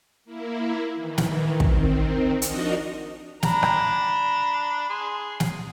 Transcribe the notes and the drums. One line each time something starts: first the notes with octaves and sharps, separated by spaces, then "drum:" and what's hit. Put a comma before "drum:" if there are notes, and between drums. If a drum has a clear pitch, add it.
A#3 E4
D#3 E3
drum: snare
D#3 C4, drum: kick
F3 D4 D#4 F#4 A#4 D#5, drum: hi-hat
D4 A#5 B5, drum: snare
drum: rim click
G#4 C6
drum: snare